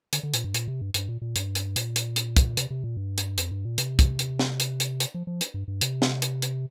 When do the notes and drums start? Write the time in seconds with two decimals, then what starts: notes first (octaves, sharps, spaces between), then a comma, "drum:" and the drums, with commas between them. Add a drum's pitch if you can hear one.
0.13 D3, drum: hi-hat
0.23 D3
0.34 A#2, drum: hi-hat
0.44 G2
0.54 A#2, drum: hi-hat
0.68 C3
0.81 G2
0.94 G2, drum: hi-hat
1.09 A#2
1.22 A#2
1.36 G2, drum: hi-hat
1.55 drum: hi-hat
1.76 A#2, drum: hi-hat
1.96 drum: hi-hat
2.16 drum: hi-hat
2.37 drum: kick, hi-hat
2.57 C3, drum: hi-hat
2.71 C3
2.84 A#2
2.97 G2
3.18 drum: hi-hat
3.38 F2, drum: hi-hat
3.51 G2
3.65 A#2
3.78 C3, drum: hi-hat
3.99 drum: kick, hi-hat
4.19 drum: hi-hat
4.39 drum: snare
4.60 drum: hi-hat
4.80 drum: hi-hat
5.00 drum: hi-hat
5.14 F3
5.27 F3
5.41 drum: hi-hat
5.54 G2
5.68 G2
5.81 C3, drum: hi-hat
6.02 drum: snare
6.22 drum: hi-hat
6.42 drum: hi-hat